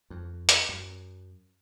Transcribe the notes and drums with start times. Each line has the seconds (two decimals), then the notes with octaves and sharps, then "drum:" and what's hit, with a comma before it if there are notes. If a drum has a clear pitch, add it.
0.10 F2
0.49 drum: hi-hat
0.69 F#2